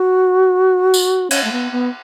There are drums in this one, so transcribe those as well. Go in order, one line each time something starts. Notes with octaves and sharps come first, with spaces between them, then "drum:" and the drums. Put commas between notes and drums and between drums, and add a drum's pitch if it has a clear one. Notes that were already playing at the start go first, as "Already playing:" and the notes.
Already playing: F#4
drum: tambourine
C#4, drum: cymbal
A3
B3
B3